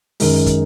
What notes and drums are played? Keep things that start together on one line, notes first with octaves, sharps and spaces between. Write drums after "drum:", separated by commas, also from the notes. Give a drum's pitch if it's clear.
F#2 D#3 G#3 A#4, drum: open hi-hat
drum: kick, hi-hat